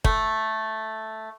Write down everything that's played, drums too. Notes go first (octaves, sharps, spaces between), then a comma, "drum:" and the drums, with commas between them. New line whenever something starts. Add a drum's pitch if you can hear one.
A3, drum: kick